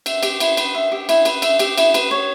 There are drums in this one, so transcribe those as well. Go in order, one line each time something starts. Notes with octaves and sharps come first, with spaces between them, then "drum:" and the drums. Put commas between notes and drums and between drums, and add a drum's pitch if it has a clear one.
E5, drum: cymbal
G4, drum: cymbal
E4, drum: cymbal
B4, drum: cymbal
E5
G4
E4, drum: cymbal
B4, drum: cymbal
E5, drum: cymbal
G4, drum: cymbal
E4, drum: cymbal
B4, drum: cymbal
C#5